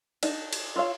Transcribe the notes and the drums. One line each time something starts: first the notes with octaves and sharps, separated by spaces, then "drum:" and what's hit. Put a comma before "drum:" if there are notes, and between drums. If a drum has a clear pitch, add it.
D4 D#4, drum: cymbal
drum: cymbal
F4 A4 C#5 F5